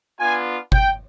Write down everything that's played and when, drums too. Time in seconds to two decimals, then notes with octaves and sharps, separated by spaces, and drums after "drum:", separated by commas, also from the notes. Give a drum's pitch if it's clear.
0.19 B3 D4 F4 G#5
0.72 G5, drum: kick G1